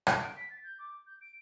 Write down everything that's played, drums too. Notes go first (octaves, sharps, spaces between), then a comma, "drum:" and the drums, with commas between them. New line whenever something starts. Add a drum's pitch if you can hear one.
drum: rim click
D7
B6
A6
G6
D6
G6
D7